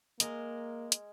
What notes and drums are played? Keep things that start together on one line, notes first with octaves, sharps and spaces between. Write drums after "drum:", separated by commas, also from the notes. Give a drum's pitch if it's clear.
G#3 A#3 A#4, drum: hi-hat
drum: hi-hat